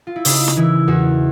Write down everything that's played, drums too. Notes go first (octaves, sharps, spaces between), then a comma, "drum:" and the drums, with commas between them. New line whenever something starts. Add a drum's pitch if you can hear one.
F4
E4
C#3 D#4, drum: open hi-hat
drum: snare
E3 E4
E2 F#4